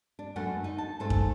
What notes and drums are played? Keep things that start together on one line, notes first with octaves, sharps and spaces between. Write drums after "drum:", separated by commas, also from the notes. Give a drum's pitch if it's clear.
D4
F#2 D3 A3 A4 F#5
D#4
A5
G#2 A3 C5 A5
drum: kick F#2